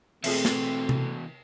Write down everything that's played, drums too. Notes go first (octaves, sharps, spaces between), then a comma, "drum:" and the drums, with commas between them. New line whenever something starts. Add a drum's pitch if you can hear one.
B2 E3 A3 C4 F4 G#4 E5, drum: cymbal
drum: snare
drum: tom C3